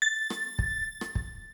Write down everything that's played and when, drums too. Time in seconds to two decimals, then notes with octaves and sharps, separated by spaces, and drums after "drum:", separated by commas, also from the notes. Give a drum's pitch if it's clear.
0.02 A6
0.30 drum: rim click
0.59 drum: kick
1.01 drum: rim click
1.15 drum: kick